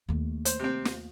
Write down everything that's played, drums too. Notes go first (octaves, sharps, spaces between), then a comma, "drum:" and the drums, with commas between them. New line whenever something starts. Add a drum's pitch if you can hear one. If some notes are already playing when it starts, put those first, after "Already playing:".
D#2 A3
C5, drum: hi-hat
C3 C4
drum: snare